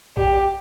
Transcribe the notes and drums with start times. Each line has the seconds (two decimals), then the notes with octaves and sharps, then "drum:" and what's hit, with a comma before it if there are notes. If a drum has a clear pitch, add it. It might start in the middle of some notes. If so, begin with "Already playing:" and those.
0.17 G4, drum: kick A#1